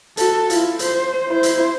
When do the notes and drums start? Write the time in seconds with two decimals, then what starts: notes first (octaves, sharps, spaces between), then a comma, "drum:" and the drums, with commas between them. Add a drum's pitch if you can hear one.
0.17 F#4 A4, drum: hi-hat
0.50 E4 F4, drum: hi-hat
0.79 C5, drum: hi-hat
1.29 E4 C5
1.43 drum: hi-hat